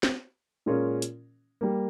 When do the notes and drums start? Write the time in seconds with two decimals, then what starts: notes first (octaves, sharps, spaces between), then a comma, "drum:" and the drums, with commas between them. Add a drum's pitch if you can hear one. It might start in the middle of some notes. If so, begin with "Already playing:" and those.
0.03 drum: snare
0.66 A#2 G#3 C#4 F4 A#4
1.02 drum: hi-hat
1.61 G3 A#3